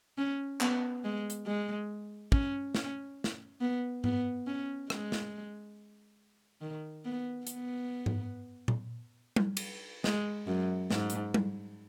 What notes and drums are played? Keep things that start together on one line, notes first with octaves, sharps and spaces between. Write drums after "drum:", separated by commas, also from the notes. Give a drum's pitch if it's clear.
C#4
B3, drum: clap
G#3
drum: hi-hat
G#3
C#4, drum: kick
C#4, drum: snare
drum: snare
B3
B3, drum: tom
C#4
G#3, drum: rim click
drum: snare
D#3
B3
B3, drum: hi-hat
drum: tom
drum: tom A#2
drum: tom G3
drum: cymbal
G#3, drum: snare
F#2
G#2, drum: snare
drum: hi-hat
drum: tom G3